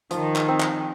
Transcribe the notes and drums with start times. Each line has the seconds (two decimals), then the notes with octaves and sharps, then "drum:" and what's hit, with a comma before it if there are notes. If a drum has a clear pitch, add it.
0.11 D#3 F3, drum: hi-hat
0.36 drum: clap
0.48 C4
0.61 drum: clap